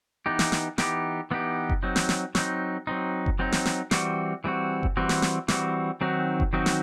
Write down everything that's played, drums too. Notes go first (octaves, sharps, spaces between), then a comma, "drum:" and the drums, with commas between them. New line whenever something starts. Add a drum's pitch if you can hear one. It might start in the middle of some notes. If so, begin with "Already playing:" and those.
E3 B3 D#4 G4
drum: snare
drum: snare
E3 B3 D#4 G4, drum: snare
E3 B3 D#4 G4
drum: kick F#1
F#3 C4 D#4
drum: snare
drum: snare
F#3 C4 D#4, drum: snare
F#3 C4 D#4
drum: kick F#1
F#3 C4 D#4
drum: snare
drum: snare
E3 G3 C4 F#4, drum: snare
E3 G3 C4 F#4
drum: kick F#1
E3 G3 C4 F#4
drum: snare
drum: snare
E3 G3 C4 F#4, drum: snare
D#3 F#3 C4 D#4 F#4
drum: kick F#1
D#3 F#3 C4 D#4 F#4
drum: snare